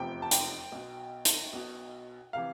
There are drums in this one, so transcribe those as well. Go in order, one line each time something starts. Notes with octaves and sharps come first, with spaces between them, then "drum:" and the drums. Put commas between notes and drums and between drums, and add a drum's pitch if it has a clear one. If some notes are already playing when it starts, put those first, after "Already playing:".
Already playing: F1 E2 C3 F3 G5
A5
G5, drum: hi-hat
B1 B2
drum: hi-hat
B1 B2
C3 E3 F5